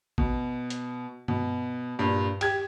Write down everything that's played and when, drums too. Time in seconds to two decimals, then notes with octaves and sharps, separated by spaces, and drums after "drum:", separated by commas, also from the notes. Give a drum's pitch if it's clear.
0.18 B2, drum: kick G#1
0.70 drum: hi-hat
1.28 B2, drum: tom G2
1.99 G2 A#2
2.41 G4 G#6, drum: cymbal